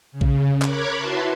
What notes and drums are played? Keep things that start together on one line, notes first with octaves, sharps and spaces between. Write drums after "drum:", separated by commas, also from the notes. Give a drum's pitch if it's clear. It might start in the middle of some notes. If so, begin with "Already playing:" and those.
C#3
drum: kick A#1
A#4 C#5 B5 D6 F#6 G#6, drum: clap
E4 F#4 B4 E5 A5 C6